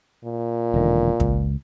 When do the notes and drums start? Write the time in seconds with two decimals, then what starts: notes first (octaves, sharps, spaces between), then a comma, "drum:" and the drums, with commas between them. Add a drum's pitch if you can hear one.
0.24 A#2
0.74 E1 D3 D#3
1.20 C#2, drum: kick